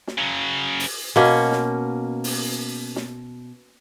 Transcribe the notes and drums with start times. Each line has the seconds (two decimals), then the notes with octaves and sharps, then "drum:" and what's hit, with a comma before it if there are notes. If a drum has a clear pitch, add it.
0.07 drum: snare
0.18 C#3 F#3
0.80 drum: open hi-hat
1.16 B2 A#3 C#4
1.52 drum: snare
2.24 drum: open hi-hat
2.96 drum: snare